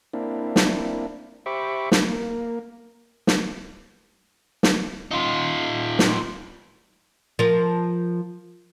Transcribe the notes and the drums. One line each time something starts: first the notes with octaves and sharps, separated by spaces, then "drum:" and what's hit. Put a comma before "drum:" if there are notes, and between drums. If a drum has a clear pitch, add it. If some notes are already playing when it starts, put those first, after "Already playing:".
A#3 C4 D4 E4
drum: snare
G4 C5 E5 B5 C#6 D6
drum: snare
A#3
drum: snare
drum: snare
D#4 F4
drum: snare
F3 A#4